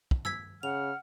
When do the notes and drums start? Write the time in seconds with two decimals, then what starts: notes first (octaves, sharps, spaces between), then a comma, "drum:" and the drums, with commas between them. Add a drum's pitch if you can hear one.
0.11 drum: kick
0.25 E6 G#6 B6, drum: tom
0.63 C#3 F#5 F6 F7